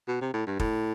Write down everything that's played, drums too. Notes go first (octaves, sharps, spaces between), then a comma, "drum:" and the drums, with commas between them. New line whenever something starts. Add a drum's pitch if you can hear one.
B2
C3
A2
G2
A2, drum: kick